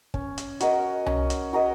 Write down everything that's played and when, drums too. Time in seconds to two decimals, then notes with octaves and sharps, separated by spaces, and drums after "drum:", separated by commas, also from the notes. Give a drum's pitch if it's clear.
0.14 C#4, drum: kick
0.38 drum: hi-hat
0.60 F#4 A#4 D#5, drum: hi-hat
1.06 C#4, drum: tom C2
1.30 drum: hi-hat
1.53 F#4 A#4 D#5